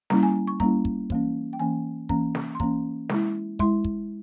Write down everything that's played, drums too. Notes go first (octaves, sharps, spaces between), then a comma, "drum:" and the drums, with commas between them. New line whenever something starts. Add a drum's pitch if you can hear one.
G3 A#3 C#4 E4 A#5, drum: snare
G#5
C#6
G3 A#3 C#4 E4 A#5, drum: kick
drum: kick
E3 A#3 C#4, drum: kick
G5
E3 A#3 C#4 G#5
E3 A#3 C#4 A#5, drum: kick
drum: snare
C6
E3 A#3 C#4 A#5, drum: kick
G#3 E4, drum: snare
G#3 E4 C6, drum: kick
drum: kick